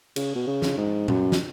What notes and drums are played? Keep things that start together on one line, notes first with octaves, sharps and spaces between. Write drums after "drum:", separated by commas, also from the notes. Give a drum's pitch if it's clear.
C#3, drum: cymbal
B2
C#3
drum: snare
G#2
F#2, drum: tom A#2
drum: snare